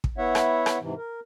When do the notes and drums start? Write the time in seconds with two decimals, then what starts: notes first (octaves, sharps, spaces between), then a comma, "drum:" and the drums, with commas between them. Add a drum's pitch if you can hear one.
0.04 drum: kick
0.18 B3 E4 C#5 E5 F#5
0.35 drum: rim click
0.66 drum: rim click
0.81 G#2 C3 E3
0.97 A#4